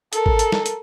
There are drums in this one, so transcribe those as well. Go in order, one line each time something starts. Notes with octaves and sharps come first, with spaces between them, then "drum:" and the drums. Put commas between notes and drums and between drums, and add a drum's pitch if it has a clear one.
A4 A#4, drum: hi-hat
drum: kick G#1
drum: hi-hat
drum: snare
drum: hi-hat